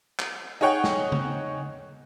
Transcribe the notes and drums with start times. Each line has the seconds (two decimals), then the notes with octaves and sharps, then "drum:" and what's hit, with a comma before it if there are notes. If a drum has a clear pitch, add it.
0.19 drum: clap
0.61 D#4 G#4 C#5 F#5 G5
0.84 drum: snare
1.12 drum: tom C#3